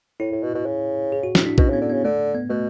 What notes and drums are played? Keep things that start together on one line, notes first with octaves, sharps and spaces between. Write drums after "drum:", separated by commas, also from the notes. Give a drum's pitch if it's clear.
A2 E4
A2
B2
B2
C#3
G#4
F#4
E4, drum: snare
D4
B2 C#4, drum: kick A#1
C#3
B3
D3
B3
C#3
D3 A3
B3
B2 A3